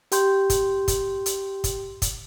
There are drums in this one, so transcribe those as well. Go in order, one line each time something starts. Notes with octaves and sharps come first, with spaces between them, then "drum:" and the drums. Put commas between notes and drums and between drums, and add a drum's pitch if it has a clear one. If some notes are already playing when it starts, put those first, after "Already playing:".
G4 G5 C6 G6, drum: hi-hat
drum: kick, hi-hat
drum: kick, hi-hat
drum: hi-hat
drum: kick, hi-hat
drum: kick, hi-hat